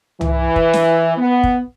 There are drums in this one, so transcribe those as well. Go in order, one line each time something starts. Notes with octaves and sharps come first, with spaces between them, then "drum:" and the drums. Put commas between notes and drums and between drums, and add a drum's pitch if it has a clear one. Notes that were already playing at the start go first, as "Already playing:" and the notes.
E3, drum: tom
drum: kick
drum: snare
B3
drum: kick